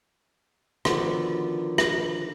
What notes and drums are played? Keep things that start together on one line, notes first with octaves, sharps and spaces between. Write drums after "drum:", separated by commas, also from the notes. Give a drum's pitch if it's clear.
D3 D#3 F3 B3 F#4 D5, drum: rim click
drum: rim click